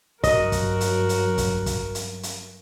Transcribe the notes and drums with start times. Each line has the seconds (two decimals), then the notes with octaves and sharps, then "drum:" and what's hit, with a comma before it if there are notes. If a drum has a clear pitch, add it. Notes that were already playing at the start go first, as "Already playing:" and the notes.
0.24 G2 F#3 F#4 A#4 D#5, drum: kick, hi-hat
0.52 drum: kick, hi-hat
0.81 drum: hi-hat
1.09 drum: hi-hat
1.38 drum: kick, hi-hat
1.66 drum: kick, hi-hat
1.95 drum: hi-hat
2.23 drum: hi-hat